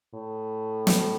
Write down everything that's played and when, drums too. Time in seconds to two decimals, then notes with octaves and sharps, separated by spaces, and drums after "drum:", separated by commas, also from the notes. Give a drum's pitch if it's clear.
0.14 A2
0.87 drum: snare